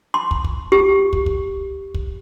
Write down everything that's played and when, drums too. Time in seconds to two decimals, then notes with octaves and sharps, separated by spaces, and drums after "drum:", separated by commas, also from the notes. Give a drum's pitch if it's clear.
0.14 C6
0.31 drum: kick
0.45 drum: kick
0.72 G4
1.13 drum: kick
1.26 drum: kick
1.95 drum: kick